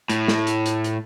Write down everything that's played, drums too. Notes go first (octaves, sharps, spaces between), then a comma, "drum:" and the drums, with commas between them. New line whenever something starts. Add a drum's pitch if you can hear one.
A2, drum: hi-hat
drum: snare
drum: hi-hat
drum: hi-hat
drum: hi-hat